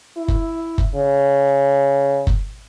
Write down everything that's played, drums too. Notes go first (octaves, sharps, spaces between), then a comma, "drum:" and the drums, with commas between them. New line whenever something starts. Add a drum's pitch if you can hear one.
E4
drum: kick F#1
drum: kick F#1
C#3
drum: kick F#1